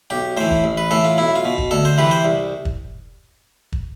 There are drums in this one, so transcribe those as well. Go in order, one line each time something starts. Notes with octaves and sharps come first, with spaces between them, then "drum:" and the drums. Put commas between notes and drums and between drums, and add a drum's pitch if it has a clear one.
B1 G4
A2 E3 C5
drum: kick
A1
B4
A2 E3 A4
F4
B1 E4
F4
B2
drum: kick
D2 A4
C5
C3 E3 B4
C5
C2
drum: kick
drum: kick